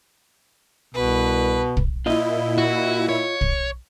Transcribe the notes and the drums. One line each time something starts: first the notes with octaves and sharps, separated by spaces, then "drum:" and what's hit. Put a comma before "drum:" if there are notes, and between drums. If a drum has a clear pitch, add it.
C2 B2 B4
drum: kick
A#2 E4 F4 D#5
F#4
C#5
drum: kick